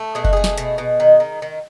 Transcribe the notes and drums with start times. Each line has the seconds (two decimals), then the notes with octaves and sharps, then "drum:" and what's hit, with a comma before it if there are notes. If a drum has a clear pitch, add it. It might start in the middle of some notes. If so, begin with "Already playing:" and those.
Already playing: A3
0.15 B2 G#4
0.24 F#4, drum: kick F#1
0.33 A3 G#4
0.44 drum: snare
0.58 B2, drum: hi-hat
0.78 B2
1.00 D#3
1.20 D#3
1.42 D#3